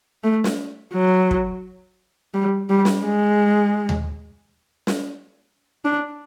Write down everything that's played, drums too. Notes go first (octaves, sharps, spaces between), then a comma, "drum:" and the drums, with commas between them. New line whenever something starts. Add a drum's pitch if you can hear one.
A3
drum: snare
F#3
drum: kick
G3
G3
drum: snare
G#3
drum: tom D#2
drum: snare
D4